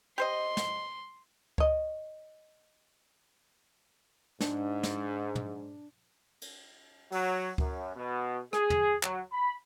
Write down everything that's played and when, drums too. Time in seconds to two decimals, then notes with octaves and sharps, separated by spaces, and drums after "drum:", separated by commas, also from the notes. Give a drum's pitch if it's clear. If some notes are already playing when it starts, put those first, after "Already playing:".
0.18 G4 C5 D#5 C6
0.57 drum: snare
1.58 C#5 D#5, drum: kick C#2
4.40 G#2 D4, drum: snare
4.83 drum: snare
5.35 drum: tom
6.42 drum: cymbal
7.12 F#3, drum: open hi-hat
7.58 F#2, drum: kick C#2
7.96 B2
8.53 G#4, drum: rim click
8.70 drum: tom
9.03 F#3, drum: clap
9.33 B5